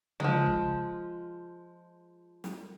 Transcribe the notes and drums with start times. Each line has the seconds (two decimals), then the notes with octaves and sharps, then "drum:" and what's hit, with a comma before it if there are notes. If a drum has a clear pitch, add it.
0.20 F3 G#3, drum: tom C#3
0.46 drum: kick
2.44 drum: snare